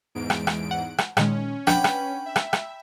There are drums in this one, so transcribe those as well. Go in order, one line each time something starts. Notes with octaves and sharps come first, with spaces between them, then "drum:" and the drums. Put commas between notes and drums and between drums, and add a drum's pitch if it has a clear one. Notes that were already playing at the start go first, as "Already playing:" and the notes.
E2 G#2 D7
drum: rim click
drum: rim click
F#5
drum: rim click
A#2 D#3 G#3 C#4, drum: rim click
D4 B4 F#5 G5 B5, drum: rim click
drum: rim click
E5
drum: rim click
drum: rim click